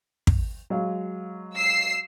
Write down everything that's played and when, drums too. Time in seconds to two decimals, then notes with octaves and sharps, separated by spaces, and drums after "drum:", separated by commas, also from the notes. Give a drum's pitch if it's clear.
0.27 drum: kick
0.70 F#3 G#3 F5
1.57 E6 C7